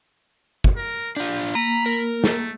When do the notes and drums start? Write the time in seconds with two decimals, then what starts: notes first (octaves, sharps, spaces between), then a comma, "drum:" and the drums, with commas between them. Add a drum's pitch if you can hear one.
0.64 drum: kick
0.77 A#4
1.17 D4 F4 G4
1.55 A#3 A#5 B5
1.86 A#4
2.24 A3, drum: snare